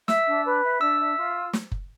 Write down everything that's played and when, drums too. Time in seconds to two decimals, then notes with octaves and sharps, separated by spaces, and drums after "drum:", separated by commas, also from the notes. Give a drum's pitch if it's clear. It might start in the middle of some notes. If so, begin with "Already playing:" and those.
0.08 E5 E6, drum: snare
0.26 D4
0.45 B4
0.63 E5
0.81 D4 E6
1.00 E5
1.17 F4
1.53 drum: snare
1.72 drum: kick F#1